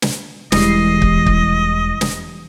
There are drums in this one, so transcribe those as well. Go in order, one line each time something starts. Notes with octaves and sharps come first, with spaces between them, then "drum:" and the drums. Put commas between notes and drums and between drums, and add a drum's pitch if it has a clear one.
drum: snare
E1 E3 G3 G#3 D#5 C7, drum: snare
drum: kick
drum: kick
drum: snare